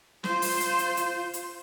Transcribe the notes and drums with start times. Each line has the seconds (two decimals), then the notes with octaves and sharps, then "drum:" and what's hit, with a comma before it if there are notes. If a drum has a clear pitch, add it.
0.24 F4 C5, drum: snare
0.42 drum: open hi-hat
0.60 drum: hi-hat
0.79 drum: hi-hat
0.97 drum: hi-hat
1.33 drum: hi-hat